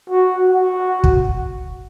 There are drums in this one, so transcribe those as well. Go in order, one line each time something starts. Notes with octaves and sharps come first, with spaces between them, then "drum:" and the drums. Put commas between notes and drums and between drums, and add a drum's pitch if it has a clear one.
F#4
F#4
drum: kick